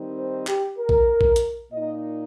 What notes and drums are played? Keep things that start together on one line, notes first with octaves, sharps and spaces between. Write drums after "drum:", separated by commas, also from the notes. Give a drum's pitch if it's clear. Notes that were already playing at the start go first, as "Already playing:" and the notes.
Already playing: D#3 G3 C4 D#4
C5
G4, drum: clap
A#4
drum: kick
drum: kick
drum: hi-hat
A#2 A#3 D#4 D#5